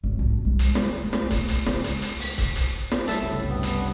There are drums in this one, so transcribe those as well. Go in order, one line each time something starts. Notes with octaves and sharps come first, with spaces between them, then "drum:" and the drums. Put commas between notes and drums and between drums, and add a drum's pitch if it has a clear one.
G#1
B1
G3 G#3
drum: hi-hat
C#2, drum: snare
A3
drum: snare
drum: kick C#1, hi-hat
drum: hi-hat
C#2, drum: snare
drum: hi-hat
drum: hi-hat
drum: open hi-hat
drum: kick C#1, hi-hat
drum: hi-hat
drum: snare
G3 A3 E5 A5, drum: hi-hat
F#1 C2 A2 C#3
G2 B3
drum: hi-hat